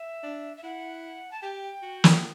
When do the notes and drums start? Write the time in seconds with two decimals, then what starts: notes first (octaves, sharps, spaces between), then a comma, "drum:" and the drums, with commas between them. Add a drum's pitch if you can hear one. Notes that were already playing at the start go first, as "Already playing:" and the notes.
Already playing: E5
0.23 D4
0.57 E5
0.64 E4 F#5
1.31 A5
1.43 G4 G5
1.82 F#4
2.04 drum: snare